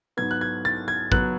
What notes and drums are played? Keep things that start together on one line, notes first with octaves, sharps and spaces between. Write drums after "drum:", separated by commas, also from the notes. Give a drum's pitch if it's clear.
G#2 F#3 B3 G#6
F#6
G#6
A6
G#6
F#3 B3 F#6, drum: kick